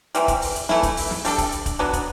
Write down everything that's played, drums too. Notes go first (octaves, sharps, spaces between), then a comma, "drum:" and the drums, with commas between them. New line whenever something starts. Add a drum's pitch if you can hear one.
C3 E3 G3, drum: hi-hat
drum: kick, hi-hat
drum: open hi-hat
drum: hi-hat
E3 A3 E4, drum: snare
drum: kick, hi-hat
drum: open hi-hat
drum: snare
G3 D4 A4, drum: open hi-hat
drum: kick, hi-hat
drum: hi-hat
drum: kick, hi-hat
F#3 B3 D4
drum: kick, hi-hat